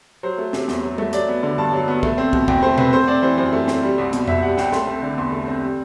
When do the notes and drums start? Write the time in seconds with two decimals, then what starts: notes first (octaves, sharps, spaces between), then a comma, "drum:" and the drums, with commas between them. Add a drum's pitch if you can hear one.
0.23 F#3 C5
0.38 A3
0.53 C3, drum: snare
0.68 E2, drum: snare
0.83 F#3
0.98 A3, drum: tom G3
1.13 F#3 D5, drum: hi-hat
1.28 B3
1.43 D3
1.58 G2 A5
1.73 F#3
1.88 B3
2.03 A3, drum: kick
2.18 C4
2.33 B2, drum: kick
2.48 E2 G5, drum: kick
2.63 A3 C5
2.78 C4 B4, drum: tom B2
2.93 A3 C5
3.08 C4 D5
3.22 E3 C5
3.38 F#2 C5
3.53 A3
3.68 C4, drum: snare
3.83 G3
3.98 C2
4.13 B2, drum: hi-hat
4.27 C2 E5, drum: tom F2
4.43 G3 F#5
4.58 C2 G5, drum: snare
4.73 A3 C6, drum: snare
4.87 C4
5.02 D3
5.17 E2 C6
5.32 A3
5.48 C4
5.63 G3